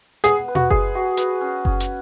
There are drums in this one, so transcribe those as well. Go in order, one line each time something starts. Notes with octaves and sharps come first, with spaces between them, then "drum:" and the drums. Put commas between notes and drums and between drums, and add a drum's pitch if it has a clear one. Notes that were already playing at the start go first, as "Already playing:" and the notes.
B3 G#4, drum: hi-hat
B4
F#4, drum: tom B2
G#3 G#4, drum: kick F#1
F#4
B4, drum: hi-hat
C#4
C#4, drum: kick F#1
drum: hi-hat